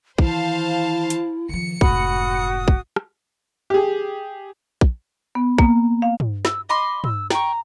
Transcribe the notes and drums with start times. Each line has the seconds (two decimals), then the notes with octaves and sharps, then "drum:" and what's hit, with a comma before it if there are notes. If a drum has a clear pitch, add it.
0.18 D#3 E3 E4 C5 F5 A5, drum: kick
1.10 drum: hi-hat
1.49 D#3 F3 C#7
1.81 F1 G#2 F#4 B5 D#6, drum: kick
2.68 drum: kick
2.96 drum: rim click
3.70 G4 G#4
4.81 drum: kick
5.35 B3
5.58 A#3, drum: kick
6.02 F5
6.20 drum: tom
6.45 E6, drum: snare
6.69 D#5 B5 C6 D6
7.04 E6, drum: tom
7.30 G5 A#5 C#6, drum: snare